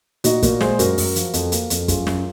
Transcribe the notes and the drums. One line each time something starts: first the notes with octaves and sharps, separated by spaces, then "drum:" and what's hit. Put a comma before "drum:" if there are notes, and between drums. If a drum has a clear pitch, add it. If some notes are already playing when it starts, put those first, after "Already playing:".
A#2 D#4 F#4, drum: hi-hat
A#2 F#4 A#4, drum: kick, hi-hat
G#3 G#4 C5, drum: snare
F#2 F#4 A#4, drum: hi-hat
F#2, drum: open hi-hat
F3, drum: hi-hat
F2, drum: hi-hat
A#3, drum: hi-hat
F2, drum: hi-hat
F#2 F4 G#4, drum: kick, hi-hat
F#2, drum: snare